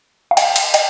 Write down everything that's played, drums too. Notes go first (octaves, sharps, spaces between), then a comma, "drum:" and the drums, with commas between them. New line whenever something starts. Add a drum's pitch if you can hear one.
F5
D#5 G5, drum: cymbal
drum: cymbal
D#5 G5, drum: cymbal